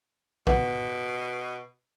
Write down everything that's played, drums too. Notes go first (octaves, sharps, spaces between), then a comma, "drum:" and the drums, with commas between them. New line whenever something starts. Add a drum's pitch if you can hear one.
B2 B3, drum: kick A#1